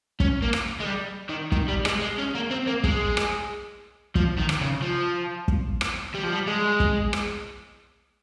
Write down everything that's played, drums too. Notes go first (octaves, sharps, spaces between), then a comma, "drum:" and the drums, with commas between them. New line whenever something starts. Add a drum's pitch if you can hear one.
C#4, drum: kick
A#3
drum: rim click
G#3
G3
D#3
D#3, drum: kick
G3
G#3, drum: rim click
G#3
C#4
A#3
C4
A#3
G#3, drum: kick
drum: rim click
F3, drum: kick
D#3
drum: rim click
C#3
F3
drum: kick
drum: rim click
G3
F3
G3
G#3
drum: kick
drum: rim click